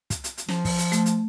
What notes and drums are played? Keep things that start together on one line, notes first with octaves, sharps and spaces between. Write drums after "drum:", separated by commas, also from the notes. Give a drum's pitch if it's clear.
drum: kick, hi-hat
drum: hi-hat
drum: hi-hat
F3, drum: snare
drum: kick, open hi-hat
drum: hi-hat
A3, drum: hi-hat
drum: hi-hat